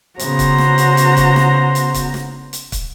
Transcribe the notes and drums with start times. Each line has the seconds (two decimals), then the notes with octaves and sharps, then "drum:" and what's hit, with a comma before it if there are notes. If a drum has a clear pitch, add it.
0.19 C#3 B3 F#4 C5 A#5, drum: hi-hat
0.39 drum: kick, hi-hat
0.58 drum: snare
0.78 drum: hi-hat
0.97 drum: hi-hat
1.17 drum: kick, hi-hat
1.36 drum: snare
1.75 drum: hi-hat
1.94 drum: kick, hi-hat
2.14 drum: snare
2.53 drum: hi-hat
2.72 drum: kick, hi-hat